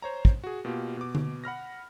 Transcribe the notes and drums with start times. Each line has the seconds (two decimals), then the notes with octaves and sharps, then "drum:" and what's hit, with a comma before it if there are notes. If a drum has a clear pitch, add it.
0.02 C5 C#5 A#5
0.25 drum: kick
0.44 F#4 G#4
0.65 B2 A#3 F4 G4
0.97 B2 D6
1.15 drum: tom D3
1.44 F#5 B5 F6 A#6